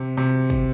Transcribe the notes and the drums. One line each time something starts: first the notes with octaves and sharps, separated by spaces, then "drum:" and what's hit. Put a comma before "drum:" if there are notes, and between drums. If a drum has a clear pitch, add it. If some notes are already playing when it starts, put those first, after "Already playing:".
Already playing: C3
C3
drum: kick